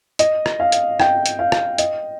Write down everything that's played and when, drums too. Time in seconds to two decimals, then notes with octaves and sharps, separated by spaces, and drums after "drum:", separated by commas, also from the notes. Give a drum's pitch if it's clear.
0.19 D#5, drum: hi-hat
0.46 drum: rim click
0.60 F5
0.72 drum: hi-hat
1.00 G5, drum: rim click
1.26 drum: hi-hat
1.39 F5
1.52 drum: rim click
1.78 D#5, drum: hi-hat